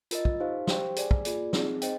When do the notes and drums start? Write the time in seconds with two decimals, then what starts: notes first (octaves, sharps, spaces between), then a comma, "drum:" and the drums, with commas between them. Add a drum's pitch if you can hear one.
0.11 F4 A#4 D#5, drum: hi-hat
0.25 drum: kick
0.40 D#4 G4 C5 F5
0.67 G4 C5 G5, drum: snare
0.96 G#4 D5 G#5, drum: hi-hat
1.11 drum: kick
1.25 A#3 F4 G#4 D5, drum: hi-hat
1.53 C4 D#4 G#4, drum: snare
1.82 C5 D#5 G5, drum: hi-hat